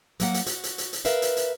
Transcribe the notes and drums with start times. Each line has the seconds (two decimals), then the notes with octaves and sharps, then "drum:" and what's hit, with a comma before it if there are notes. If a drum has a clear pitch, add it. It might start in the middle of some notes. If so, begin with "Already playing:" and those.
0.20 F#3 A#3 F#5, drum: hi-hat
0.34 drum: hi-hat
0.46 F#4, drum: hi-hat
0.64 drum: hi-hat
0.78 drum: hi-hat
0.93 drum: hi-hat
1.05 A#4 B4 E5 F5, drum: hi-hat
1.22 drum: hi-hat
1.37 drum: hi-hat